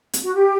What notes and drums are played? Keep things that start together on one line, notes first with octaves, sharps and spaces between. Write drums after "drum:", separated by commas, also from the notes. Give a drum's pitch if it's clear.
drum: hi-hat
F#4
G4